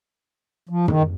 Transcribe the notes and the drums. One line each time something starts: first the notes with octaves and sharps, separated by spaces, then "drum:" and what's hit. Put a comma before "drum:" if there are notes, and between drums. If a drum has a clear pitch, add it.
F3
D#3, drum: tom